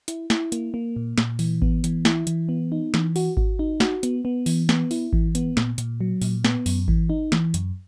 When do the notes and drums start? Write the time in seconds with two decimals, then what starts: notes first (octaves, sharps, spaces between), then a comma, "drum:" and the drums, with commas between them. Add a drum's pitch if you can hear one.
0.08 E4, drum: hi-hat
0.30 E4, drum: snare
0.52 A#3, drum: hi-hat
0.74 A#3
0.96 A#2
1.18 A#2, drum: snare
1.39 E3, drum: open hi-hat
1.62 B3, drum: kick G#1
1.84 E3, drum: hi-hat
2.05 E4, drum: snare
2.27 E3, drum: hi-hat
2.49 B3
2.72 D#4
2.94 E3, drum: snare
3.16 F#4, drum: open hi-hat
3.37 F#4, drum: kick G#1
3.59 D#4
3.80 F#4, drum: snare
4.03 B3, drum: hi-hat
4.25 B3
4.46 E3, drum: open hi-hat
4.69 B3, drum: snare
4.91 E4, drum: open hi-hat
5.13 E3, drum: kick G#1
5.35 B3, drum: hi-hat
5.57 A#2, drum: snare
5.78 A#2, drum: hi-hat
6.01 F#3
6.22 A#2, drum: open hi-hat
6.45 B3, drum: snare
6.66 F#2, drum: open hi-hat
6.88 E3, drum: kick G#1
7.10 D#4
7.32 E3, drum: snare
7.54 F#2, drum: hi-hat